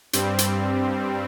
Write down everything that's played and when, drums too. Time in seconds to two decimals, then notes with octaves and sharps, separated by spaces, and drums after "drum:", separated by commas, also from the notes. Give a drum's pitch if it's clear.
0.13 G2 G3 C4, drum: hi-hat
0.38 drum: hi-hat